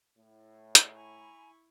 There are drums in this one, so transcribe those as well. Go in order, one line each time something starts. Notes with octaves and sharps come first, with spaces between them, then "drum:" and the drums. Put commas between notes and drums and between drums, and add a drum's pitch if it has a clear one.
A2
drum: hi-hat
E4 G#5 A#5 B5 C#6